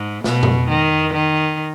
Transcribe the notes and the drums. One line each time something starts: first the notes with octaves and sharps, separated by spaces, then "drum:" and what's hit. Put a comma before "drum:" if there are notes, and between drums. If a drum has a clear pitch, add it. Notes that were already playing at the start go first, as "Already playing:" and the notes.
Already playing: G#2
B2, drum: snare
drum: tom
D#3
D#3